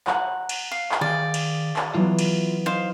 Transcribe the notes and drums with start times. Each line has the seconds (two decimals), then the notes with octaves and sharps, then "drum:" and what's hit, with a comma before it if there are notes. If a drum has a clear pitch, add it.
0.07 F#5 A#5 F#6, drum: clap
0.49 drum: cymbal
0.72 F5
0.92 drum: clap
1.01 D#3 G#4 D5 F5 G5
1.34 drum: cymbal
1.76 drum: clap
1.94 E3 F#3 B3 F4 E5
2.19 drum: cymbal
2.66 D#4 C5 F5